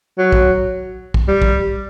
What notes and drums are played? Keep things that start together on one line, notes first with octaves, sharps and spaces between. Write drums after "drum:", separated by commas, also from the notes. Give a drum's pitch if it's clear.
F#3
drum: kick
drum: kick
G3
drum: kick